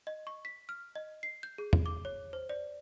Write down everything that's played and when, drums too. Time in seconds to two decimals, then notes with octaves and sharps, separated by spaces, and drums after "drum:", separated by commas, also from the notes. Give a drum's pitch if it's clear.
0.07 D#5
0.27 C#6
0.45 B6
0.69 F6
0.95 D#5
1.23 C7
1.43 G6
1.58 G#4
1.73 drum: tom
1.86 D6
2.05 C#5
2.33 C5
2.49 D5